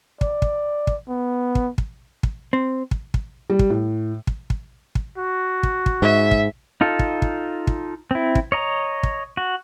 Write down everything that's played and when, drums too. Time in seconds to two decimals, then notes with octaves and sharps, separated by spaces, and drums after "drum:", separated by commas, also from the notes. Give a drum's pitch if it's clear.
0.21 D5, drum: kick
0.42 drum: kick
0.87 drum: kick
1.09 B3
1.55 drum: kick
1.78 drum: kick
2.23 drum: kick
2.53 C4
2.91 drum: kick
3.14 drum: kick
3.50 G3
3.59 drum: kick
3.70 A2
4.27 drum: kick
4.50 drum: kick
4.95 drum: kick
5.18 F#4
5.63 drum: kick
5.86 drum: kick
6.02 G#2 E5
6.31 drum: kick
6.81 D#4 F4 A4
6.99 drum: kick
7.22 drum: kick
7.67 drum: kick
8.11 C4 E4
8.35 drum: kick
8.52 C#5 D#5 A#5
9.03 drum: kick
9.37 F#4